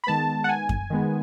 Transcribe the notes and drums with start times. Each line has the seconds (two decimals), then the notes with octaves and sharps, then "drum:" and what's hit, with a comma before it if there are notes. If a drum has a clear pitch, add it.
0.04 B5
0.07 D#3 G#3 B3 A5
0.44 F#5
0.49 G#5
0.69 drum: kick F#2
0.90 D#3 G#3 B3